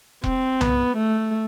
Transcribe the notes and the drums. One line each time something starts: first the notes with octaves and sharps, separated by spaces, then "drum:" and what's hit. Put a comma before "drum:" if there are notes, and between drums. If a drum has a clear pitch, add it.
C4, drum: kick E1
B3, drum: tom C2
A3